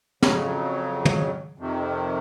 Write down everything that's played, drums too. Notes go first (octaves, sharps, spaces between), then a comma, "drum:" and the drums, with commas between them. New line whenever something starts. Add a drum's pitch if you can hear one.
F2 C#3 F#3, drum: snare
drum: tom
F2 C3 D#3